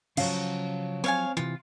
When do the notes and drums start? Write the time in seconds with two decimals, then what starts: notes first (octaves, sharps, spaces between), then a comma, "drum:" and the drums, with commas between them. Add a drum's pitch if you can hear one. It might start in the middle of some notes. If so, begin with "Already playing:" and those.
0.17 C#3 F3 F#3 C#4 F5, drum: cymbal
1.04 C4 C#5 F5 G#5
1.37 C3 E3 F4